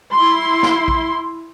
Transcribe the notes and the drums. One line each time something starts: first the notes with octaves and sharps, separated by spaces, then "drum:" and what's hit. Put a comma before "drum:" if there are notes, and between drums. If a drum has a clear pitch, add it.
E4 C6
drum: snare
drum: kick A#1